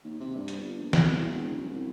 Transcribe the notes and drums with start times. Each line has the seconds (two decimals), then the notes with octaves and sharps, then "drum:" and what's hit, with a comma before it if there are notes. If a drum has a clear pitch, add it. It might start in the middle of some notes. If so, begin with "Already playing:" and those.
0.04 D#2
0.20 C3
0.34 G2
0.48 drum: hi-hat
0.59 G1
0.78 A#1
0.93 C2, drum: snare
1.14 E2
1.30 E1
1.57 F#2
1.70 C2